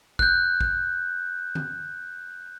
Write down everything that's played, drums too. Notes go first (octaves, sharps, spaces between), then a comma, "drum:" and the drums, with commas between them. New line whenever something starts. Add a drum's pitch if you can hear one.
F#6 G6, drum: kick
drum: kick
drum: tom D3